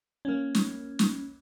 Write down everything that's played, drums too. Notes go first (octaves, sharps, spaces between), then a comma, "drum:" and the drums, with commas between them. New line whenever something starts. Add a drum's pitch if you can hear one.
A#3 C#4
drum: snare
drum: snare